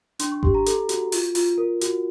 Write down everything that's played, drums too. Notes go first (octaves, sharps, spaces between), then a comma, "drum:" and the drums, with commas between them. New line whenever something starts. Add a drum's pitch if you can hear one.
D4 C6, drum: hi-hat
C#6
G4 C6, drum: kick G#1
A#5
A4, drum: hi-hat
F#4, drum: hi-hat
F4, drum: open hi-hat
F4, drum: open hi-hat
A#4
F#4, drum: hi-hat